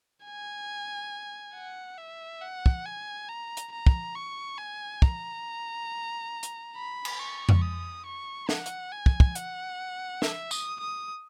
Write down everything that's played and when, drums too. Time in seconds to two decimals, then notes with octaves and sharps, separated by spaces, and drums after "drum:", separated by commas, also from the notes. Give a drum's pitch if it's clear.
0.25 G#5
1.55 F#5
1.98 E5
2.41 F#5
2.66 drum: kick
2.86 G#5
3.29 A#5
3.57 drum: hi-hat
3.73 A#5
3.87 drum: kick
4.15 C#6
4.58 G#5
5.02 A#5, drum: kick
6.43 drum: hi-hat
6.76 B5
7.05 drum: cymbal
7.19 C#6
7.49 drum: tom F2
7.62 D#6
8.06 C#6
8.49 F#5, drum: snare
8.66 drum: hi-hat
8.92 G#5
9.06 drum: kick
9.20 drum: kick
9.35 F#5, drum: hi-hat
10.22 E5, drum: snare
10.51 D#6, drum: tambourine
10.80 D#6